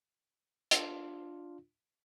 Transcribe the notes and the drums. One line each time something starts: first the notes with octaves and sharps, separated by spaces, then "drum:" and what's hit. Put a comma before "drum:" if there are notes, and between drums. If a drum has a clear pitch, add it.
D4 F4, drum: hi-hat